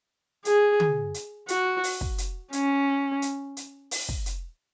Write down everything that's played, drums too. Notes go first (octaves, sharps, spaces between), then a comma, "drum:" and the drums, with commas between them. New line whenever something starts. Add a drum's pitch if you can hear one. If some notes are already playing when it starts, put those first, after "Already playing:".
G#4, drum: hi-hat
drum: tom D3
drum: hi-hat
F#4, drum: hi-hat
drum: open hi-hat
drum: kick
drum: hi-hat
C#4, drum: hi-hat
drum: hi-hat
drum: hi-hat
drum: open hi-hat
drum: kick
drum: hi-hat